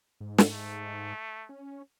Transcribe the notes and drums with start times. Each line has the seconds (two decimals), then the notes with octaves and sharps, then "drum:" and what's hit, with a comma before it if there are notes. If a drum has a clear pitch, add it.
0.20 G#2
0.38 drum: snare
0.51 A3
1.49 C#4